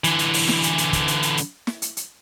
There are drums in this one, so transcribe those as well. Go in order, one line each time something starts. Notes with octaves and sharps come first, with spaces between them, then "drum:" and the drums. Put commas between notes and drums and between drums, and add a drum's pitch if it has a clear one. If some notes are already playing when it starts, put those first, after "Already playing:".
D3 E3, drum: hi-hat
drum: hi-hat
drum: open hi-hat
drum: snare
drum: hi-hat
drum: hi-hat
drum: kick, hi-hat
drum: hi-hat
drum: hi-hat
drum: hi-hat
drum: snare
drum: hi-hat
drum: hi-hat